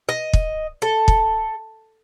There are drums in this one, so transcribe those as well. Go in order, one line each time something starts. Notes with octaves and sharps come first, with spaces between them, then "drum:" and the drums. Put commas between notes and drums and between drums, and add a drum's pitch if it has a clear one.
D#5
drum: kick
A4
drum: kick